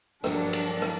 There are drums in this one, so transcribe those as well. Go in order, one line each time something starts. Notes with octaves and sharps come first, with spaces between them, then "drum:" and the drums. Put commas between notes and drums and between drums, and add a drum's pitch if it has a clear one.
A#1 G2 F#3 D4 A4 A#4, drum: rim click
drum: cymbal
drum: rim click